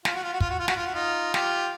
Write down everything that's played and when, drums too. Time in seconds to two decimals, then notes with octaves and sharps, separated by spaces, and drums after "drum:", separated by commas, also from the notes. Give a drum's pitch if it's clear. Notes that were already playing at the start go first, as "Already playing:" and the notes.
0.05 F4, drum: snare
0.15 F#4
0.23 F4
0.33 F#4
0.40 F4, drum: kick
0.50 F#4
0.59 F4
0.68 F#4, drum: snare
0.76 F4
0.86 F#4
0.94 D#4 F4
1.34 F4 G4, drum: snare